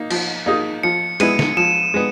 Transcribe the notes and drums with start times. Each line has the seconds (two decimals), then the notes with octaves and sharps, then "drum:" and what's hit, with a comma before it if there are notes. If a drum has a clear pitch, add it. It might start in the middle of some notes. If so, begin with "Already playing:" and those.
Already playing: A#3 D#4
0.10 F3, drum: cymbal
0.46 A#3 D#4 G#4
0.83 F3 C#7
1.20 G#3 B3 E4 D#7, drum: cymbal
1.39 drum: snare
1.57 F3 E7
1.94 G#3 B3